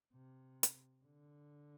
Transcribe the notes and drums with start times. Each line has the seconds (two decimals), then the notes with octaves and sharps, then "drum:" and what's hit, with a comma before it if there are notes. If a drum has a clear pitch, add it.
0.14 C3
0.63 drum: hi-hat
1.05 D3